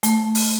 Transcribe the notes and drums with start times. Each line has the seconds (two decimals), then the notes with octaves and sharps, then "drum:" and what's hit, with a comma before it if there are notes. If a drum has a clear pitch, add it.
0.03 A3, drum: hi-hat
0.35 drum: open hi-hat